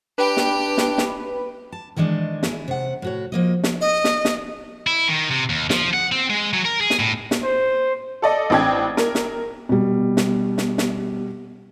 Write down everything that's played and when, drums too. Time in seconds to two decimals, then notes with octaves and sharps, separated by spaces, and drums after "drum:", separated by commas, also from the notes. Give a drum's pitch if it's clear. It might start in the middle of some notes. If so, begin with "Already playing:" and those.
0.18 D4 G4 B4 G5
0.37 drum: snare
0.78 drum: snare
0.98 drum: snare
1.72 A5
1.96 D#3 E3 G#3 D4
2.43 E4 G#4, drum: snare
2.68 C3 F#5
3.02 A2 F#4 C#5
3.32 F3 A#3 D#5
3.64 drum: snare
3.81 D#5
4.04 drum: snare
4.25 drum: snare
4.87 E4
5.08 D#3
5.31 C3
5.49 D#2
5.70 F3, drum: snare
5.94 F#5
6.12 C4
6.30 G#3
6.53 F#3
6.65 A#4
6.81 G#4
6.90 drum: snare
6.99 A2
7.31 drum: snare
7.43 C5
8.22 A4 D5 D#5
8.50 A1 C4 D4 G5 G#6
8.97 A#4, drum: snare
9.15 drum: snare
9.69 B2 G3
10.17 drum: snare
10.58 drum: snare
10.78 drum: snare